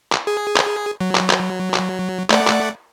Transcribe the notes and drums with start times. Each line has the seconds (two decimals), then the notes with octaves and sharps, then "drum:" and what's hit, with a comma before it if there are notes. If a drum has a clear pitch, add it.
0.12 drum: clap
0.27 G#4
0.56 drum: clap
1.01 F#3
1.15 drum: clap
1.30 drum: clap
1.74 drum: clap
2.30 A3 D5 F#5, drum: clap
2.47 drum: clap